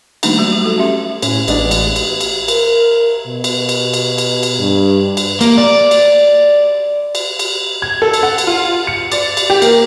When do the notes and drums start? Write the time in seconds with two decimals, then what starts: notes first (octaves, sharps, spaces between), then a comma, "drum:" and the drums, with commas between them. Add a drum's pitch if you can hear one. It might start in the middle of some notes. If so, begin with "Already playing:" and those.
0.23 D#3 G3 A3 A#3 D4 D#4, drum: cymbal
0.38 F#3 G#3 A3 F#4
0.52 F#4
0.64 F#4 A4
0.78 C#4 G4 E5 C6
1.22 A2 C#4, drum: cymbal
1.48 A1 G#3 B3 D4, drum: cymbal
1.71 drum: cymbal
1.96 drum: cymbal
2.21 drum: cymbal
2.48 A#4, drum: cymbal
3.27 B2
3.44 drum: cymbal
3.69 drum: cymbal
3.94 drum: cymbal
4.18 drum: cymbal
4.43 drum: cymbal
4.59 G2
5.17 drum: cymbal
5.41 A#3, drum: cymbal
5.58 D5
5.91 drum: cymbal
7.15 drum: cymbal
7.39 drum: cymbal
7.82 G#6
8.02 A4
8.14 drum: cymbal
8.23 F#5
8.38 drum: cymbal
8.47 F4
8.87 C#7
9.12 D5, drum: cymbal
9.37 drum: cymbal
9.50 G4
9.62 A#3, drum: cymbal